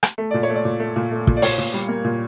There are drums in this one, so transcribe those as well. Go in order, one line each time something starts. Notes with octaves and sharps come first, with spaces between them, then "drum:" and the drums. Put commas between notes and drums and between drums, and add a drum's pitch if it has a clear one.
drum: rim click
A3
A#2 D5
C#5
A3
D5
A#2
A3
A#2
A3
A#2, drum: kick
D5
A#2 C#5, drum: open hi-hat
A#2
G3
A#3
A#2